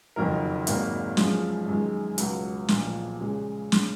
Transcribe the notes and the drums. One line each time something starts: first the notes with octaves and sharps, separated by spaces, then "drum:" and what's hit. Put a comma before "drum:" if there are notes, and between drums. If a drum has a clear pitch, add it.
F#1 F2 D#3 F#3 A#4
G#1 G#2 F#3 A#3, drum: hi-hat
F#2 F3 G#3, drum: snare
F#2 D#3 G#3
C#2 B2 F#3, drum: hi-hat
B1 A#2 F3, drum: snare
C#3 G#3
drum: snare